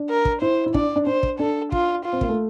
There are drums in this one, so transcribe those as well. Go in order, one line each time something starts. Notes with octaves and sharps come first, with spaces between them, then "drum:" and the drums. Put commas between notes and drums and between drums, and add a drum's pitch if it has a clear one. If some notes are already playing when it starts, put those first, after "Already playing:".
Already playing: D4
A#4
drum: kick
E4 C5
E4
D4 D5, drum: kick
D4
D4 C5
drum: kick
D4 A4
F4, drum: kick
F4
C4
A#3, drum: kick
A3